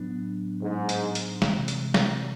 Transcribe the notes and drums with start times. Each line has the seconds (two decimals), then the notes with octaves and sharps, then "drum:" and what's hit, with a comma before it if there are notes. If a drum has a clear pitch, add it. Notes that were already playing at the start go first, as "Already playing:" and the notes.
Already playing: A2 F#3 B3 D4
0.62 G#2
0.89 drum: hi-hat
1.15 drum: hi-hat
1.42 C3 E3 G#3, drum: snare
1.68 drum: hi-hat
1.94 drum: snare